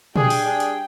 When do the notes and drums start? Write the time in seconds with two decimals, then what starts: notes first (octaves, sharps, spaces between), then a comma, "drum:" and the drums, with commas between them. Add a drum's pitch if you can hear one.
0.16 G3 D4 G#4 G5, drum: tom
0.30 drum: open hi-hat
0.45 G3 D4 G#4
0.60 drum: hi-hat